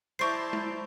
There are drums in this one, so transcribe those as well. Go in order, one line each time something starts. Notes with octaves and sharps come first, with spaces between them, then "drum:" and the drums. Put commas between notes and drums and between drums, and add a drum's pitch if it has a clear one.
E4 C5 D5 A5 A#5 C#6 G6 C7
drum: tom G#3